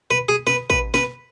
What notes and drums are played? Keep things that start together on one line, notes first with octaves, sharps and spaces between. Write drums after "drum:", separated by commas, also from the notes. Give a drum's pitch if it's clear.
B4
G#4
B4, drum: snare
B4, drum: kick
B4, drum: snare